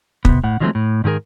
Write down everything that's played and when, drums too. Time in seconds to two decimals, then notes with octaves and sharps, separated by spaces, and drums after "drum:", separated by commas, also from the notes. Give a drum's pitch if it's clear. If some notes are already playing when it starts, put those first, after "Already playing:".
0.25 C3 B3, drum: kick
0.44 A2 F#5
0.60 D#3 F3 F#3 G#3 A3 C4
0.75 A2
1.04 G#2 D#3 F#3 G#4 A#4